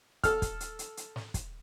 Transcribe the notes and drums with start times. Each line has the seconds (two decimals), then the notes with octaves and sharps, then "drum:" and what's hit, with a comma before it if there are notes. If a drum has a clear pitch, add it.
0.24 A4 F6, drum: kick, hi-hat
0.42 drum: kick, hi-hat
0.60 drum: hi-hat
0.79 drum: hi-hat
0.97 drum: hi-hat
1.16 drum: snare
1.34 drum: kick, hi-hat